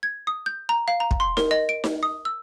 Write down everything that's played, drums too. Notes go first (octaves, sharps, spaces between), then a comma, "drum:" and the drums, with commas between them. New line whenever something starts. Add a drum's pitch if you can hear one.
G#6
D#6
G6
A#5
F5
A#5
drum: kick
C6
A#4, drum: snare D#4
D#5
D7
drum: snare D#4
D#6
E6